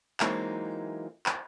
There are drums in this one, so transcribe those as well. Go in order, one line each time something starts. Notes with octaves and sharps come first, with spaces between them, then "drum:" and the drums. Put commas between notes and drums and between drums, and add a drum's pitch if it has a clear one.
E3 F#3 G#3 A#3 C4 D#4, drum: clap
drum: clap